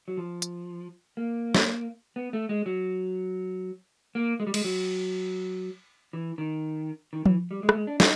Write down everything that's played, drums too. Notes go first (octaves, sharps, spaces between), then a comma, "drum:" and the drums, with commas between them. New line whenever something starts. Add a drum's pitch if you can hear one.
F#3
F3
drum: hi-hat
A#3
drum: snare
B3
A3
G#3
F#3
A#3
G#3
G3
G#3, drum: cymbal
F#3
E3
D#3
D#3
E3, drum: tom F3
G3
G#3
A3, drum: rim click
G#3
D4
D#4, drum: snare